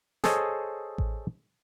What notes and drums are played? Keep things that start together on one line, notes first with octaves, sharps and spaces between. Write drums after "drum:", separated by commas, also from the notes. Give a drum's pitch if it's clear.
G#4 A4 C5 C#5 D#5, drum: snare
drum: kick A1